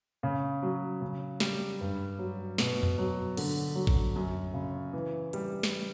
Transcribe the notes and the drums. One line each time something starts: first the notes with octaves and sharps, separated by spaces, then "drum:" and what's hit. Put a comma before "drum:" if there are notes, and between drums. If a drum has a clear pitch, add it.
C#3
F#3
C#3
G3, drum: snare
G2
F#3
B2, drum: snare
drum: tom F2
F#3
D3, drum: cymbal
F#3
drum: kick
F#2
C#3
E3
G3, drum: hi-hat
drum: snare